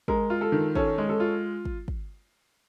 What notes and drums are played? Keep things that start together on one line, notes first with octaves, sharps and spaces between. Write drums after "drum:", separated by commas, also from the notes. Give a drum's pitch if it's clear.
G#3 A#4, drum: kick
F4
A4
D#3
C#4 A4, drum: kick
G#3
A4
F4
drum: kick
drum: kick